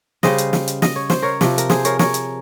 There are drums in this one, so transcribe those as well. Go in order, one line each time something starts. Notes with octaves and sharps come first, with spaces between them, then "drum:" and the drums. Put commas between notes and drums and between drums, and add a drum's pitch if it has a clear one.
C#3 G3 C5 D#5, drum: snare
drum: hi-hat
drum: snare
drum: hi-hat
D#5, drum: snare
C#5
C5, drum: snare
A#4 C#5
C3 F3, drum: snare
A#4, drum: hi-hat
G#4 C5, drum: snare
A#4 C#5, drum: hi-hat
A#4 C#5, drum: snare
drum: hi-hat